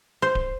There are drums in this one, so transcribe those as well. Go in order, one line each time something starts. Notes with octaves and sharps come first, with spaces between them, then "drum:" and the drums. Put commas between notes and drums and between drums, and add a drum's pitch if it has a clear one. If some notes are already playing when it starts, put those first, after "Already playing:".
C5
drum: kick D1